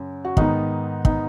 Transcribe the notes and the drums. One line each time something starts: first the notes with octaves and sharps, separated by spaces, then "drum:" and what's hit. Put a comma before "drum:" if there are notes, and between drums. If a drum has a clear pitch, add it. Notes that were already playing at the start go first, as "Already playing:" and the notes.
Already playing: F#2 C#3
F#4
G#2 D#3 B3 D#4, drum: kick
B3 D#4, drum: kick